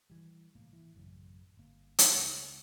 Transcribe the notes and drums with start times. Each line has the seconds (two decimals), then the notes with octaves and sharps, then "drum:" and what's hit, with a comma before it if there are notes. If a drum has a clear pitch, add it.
0.10 E3 G3
0.55 C2 A2 A#3
0.73 E3
0.94 A1 F#2 C#3
1.57 G1 A#3
1.99 drum: hi-hat
2.15 C#2